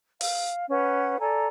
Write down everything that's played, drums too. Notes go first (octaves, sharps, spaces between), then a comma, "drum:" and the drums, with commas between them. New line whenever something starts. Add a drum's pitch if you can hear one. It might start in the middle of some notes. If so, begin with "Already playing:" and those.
F5, drum: open hi-hat
C#4 B4 F#5
A4 D5 G#5 A#5